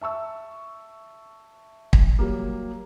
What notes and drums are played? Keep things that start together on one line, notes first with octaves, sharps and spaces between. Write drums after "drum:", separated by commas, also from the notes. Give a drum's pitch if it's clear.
E5 A5 C#6 E6
drum: kick
F#3 G3 A#3